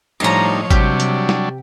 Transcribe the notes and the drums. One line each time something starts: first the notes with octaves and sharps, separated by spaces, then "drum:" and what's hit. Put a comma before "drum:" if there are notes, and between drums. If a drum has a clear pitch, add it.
A2 F3 G3 D4 D#4 C#5 D#5 A#5
C3 F#3 G3 D4 G4, drum: kick G#1, hi-hat
drum: hi-hat
drum: snare